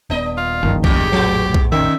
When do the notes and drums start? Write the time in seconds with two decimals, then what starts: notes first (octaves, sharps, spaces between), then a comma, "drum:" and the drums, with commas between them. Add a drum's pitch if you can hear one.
0.10 D#1 B3 D4 D#5
0.37 F4
0.63 F#1 C2 G2 D#3 F3
0.84 D#2 C#3 E3 A3 G4, drum: kick B1
1.12 F1 A#1 A2 F#3 G#3 B3
1.54 drum: kick B1
1.72 C3 D#3 E5